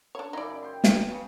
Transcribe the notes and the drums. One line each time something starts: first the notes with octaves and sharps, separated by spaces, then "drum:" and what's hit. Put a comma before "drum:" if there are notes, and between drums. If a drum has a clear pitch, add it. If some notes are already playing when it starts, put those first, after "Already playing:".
D4 C#5
F#2 C#3 D#4 E4 D5
G5 C6
B3 C#5, drum: snare
C#3